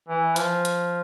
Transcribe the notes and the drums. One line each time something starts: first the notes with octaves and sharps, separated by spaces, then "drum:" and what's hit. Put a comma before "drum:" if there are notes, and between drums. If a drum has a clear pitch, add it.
E3
F3, drum: hi-hat
drum: hi-hat